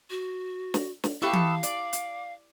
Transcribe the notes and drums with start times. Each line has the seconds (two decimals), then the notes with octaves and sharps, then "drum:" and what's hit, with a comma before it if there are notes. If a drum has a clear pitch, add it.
0.10 F#4
0.74 drum: snare
1.04 drum: snare
1.22 B3 E4 G4 A4 F5 C#6
1.33 drum: tom E3
1.63 D5, drum: hi-hat
1.93 drum: hi-hat